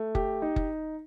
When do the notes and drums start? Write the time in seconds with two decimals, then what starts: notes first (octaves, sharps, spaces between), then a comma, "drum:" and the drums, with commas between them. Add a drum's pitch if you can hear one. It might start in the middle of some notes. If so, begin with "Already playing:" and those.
Already playing: A3
0.15 G4, drum: kick F#1
0.42 D#4
0.56 drum: kick F#1